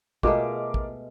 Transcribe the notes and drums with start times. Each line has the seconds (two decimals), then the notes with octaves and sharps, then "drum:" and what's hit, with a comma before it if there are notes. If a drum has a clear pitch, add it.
0.23 B2 G#3 A3 F4 A#4 D6, drum: kick
0.74 drum: kick